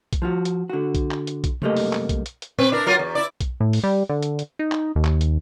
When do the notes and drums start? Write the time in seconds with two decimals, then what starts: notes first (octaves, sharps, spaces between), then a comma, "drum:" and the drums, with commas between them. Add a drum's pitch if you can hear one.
0.13 drum: kick B1, hi-hat
0.22 F3 F4 F#4
0.45 drum: hi-hat
0.70 D3 F#4
0.95 drum: kick B1, hi-hat
1.11 drum: clap
1.27 drum: hi-hat
1.44 drum: kick B1, hi-hat
1.62 C2 F#2 A3 A#3 G4 D#5, drum: tom C#3
1.77 drum: open hi-hat
1.93 drum: clap
2.09 drum: kick B1, hi-hat
2.26 drum: hi-hat
2.42 drum: hi-hat
2.59 C4 B4, drum: tom A#2
2.72 D4 E4 A#4
2.86 F#3 F4 A#4
2.99 E2
3.15 E4 D5
3.41 drum: kick B1, hi-hat
3.60 A2
3.73 drum: open hi-hat
3.83 G3
4.09 D3
4.23 drum: hi-hat
4.39 drum: hi-hat
4.59 D#4
4.72 drum: clap
4.95 D#2
5.04 drum: clap
5.21 drum: hi-hat